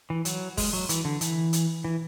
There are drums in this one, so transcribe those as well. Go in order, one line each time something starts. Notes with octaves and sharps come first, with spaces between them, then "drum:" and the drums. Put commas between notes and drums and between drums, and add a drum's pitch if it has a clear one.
E3
F#3, drum: hi-hat
G#3, drum: kick, open hi-hat
F#3
E3, drum: hi-hat
D3
E3, drum: hi-hat
drum: hi-hat
E3